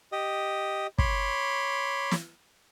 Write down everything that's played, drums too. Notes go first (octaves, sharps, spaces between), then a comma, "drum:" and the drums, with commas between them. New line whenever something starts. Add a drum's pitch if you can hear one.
G4 D#5
C#5 B5 C6 D6, drum: kick
drum: snare